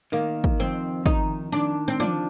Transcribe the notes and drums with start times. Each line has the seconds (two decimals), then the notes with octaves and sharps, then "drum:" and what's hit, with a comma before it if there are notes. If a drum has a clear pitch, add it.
0.12 D#3 A#3
0.44 drum: kick
0.60 F2 C4
1.06 D#3 D#4, drum: kick
1.52 D#3 D4
1.88 C4
2.00 F3 D4, drum: tom